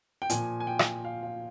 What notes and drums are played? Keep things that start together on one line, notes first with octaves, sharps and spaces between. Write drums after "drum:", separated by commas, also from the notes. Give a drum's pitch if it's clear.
G5
A#2 F3 G#5, drum: hi-hat
G#5
G5
drum: rim click
F5
F5